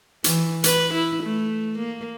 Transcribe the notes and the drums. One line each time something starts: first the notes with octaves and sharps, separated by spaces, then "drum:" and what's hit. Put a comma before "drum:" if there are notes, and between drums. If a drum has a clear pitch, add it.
E3, drum: hi-hat
B4, drum: hi-hat
E4
A3
A#3